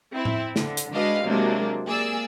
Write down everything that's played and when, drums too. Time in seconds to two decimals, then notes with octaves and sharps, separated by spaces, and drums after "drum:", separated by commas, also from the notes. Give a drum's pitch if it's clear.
0.13 C4 E4
0.25 drum: tom A2
0.56 D3, drum: snare
0.77 drum: hi-hat
0.93 G#3 D4 F#4 B4 D#5 F5
1.24 C3 F#3 G#3 A#3 D4
1.88 A#3 G#4 D5 E6